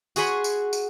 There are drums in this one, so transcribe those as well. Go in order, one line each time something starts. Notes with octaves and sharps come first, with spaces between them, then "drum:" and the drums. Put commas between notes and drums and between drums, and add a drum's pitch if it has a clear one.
F#4 G#4 C#5 G#5 B5 C6, drum: tambourine
drum: tambourine
drum: tambourine